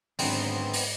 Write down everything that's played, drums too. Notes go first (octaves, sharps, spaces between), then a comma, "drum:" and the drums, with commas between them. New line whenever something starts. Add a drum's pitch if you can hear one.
G#1 G#2 D3 F#3 B3 C4, drum: open hi-hat
drum: open hi-hat